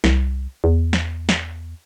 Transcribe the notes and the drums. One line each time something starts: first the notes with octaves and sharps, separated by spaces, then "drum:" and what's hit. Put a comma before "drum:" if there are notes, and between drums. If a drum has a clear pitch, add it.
C2, drum: snare
E2
drum: snare
drum: snare